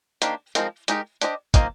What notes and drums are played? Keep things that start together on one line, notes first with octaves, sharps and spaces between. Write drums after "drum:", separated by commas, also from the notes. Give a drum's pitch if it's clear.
D#3 A#3 D4 G4 C5, drum: hi-hat
F3 G#3 C4 D#4 A#4, drum: hi-hat
G#3 D#4 G4 A#4, drum: hi-hat
D4 G4 C5 D#5, drum: hi-hat
D#3 A#3 F4 C5 D#5, drum: kick, hi-hat